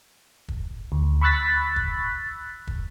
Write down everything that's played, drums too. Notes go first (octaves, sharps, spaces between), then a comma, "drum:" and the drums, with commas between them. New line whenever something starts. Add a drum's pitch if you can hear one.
drum: kick
D2
B5 C#6 E6 F#6 A6 B6
drum: kick
drum: kick